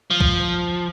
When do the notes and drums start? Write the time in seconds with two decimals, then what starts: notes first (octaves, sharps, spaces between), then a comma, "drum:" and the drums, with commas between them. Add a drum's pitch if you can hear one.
0.10 F3
0.21 drum: kick B1